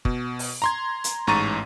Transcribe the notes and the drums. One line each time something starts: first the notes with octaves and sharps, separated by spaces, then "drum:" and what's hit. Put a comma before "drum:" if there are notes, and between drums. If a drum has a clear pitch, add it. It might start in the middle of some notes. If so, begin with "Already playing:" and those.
B2, drum: kick
drum: open hi-hat
A#5 C6 G#6
drum: hi-hat
A1 G#2 A#5 C#6 A6 D#7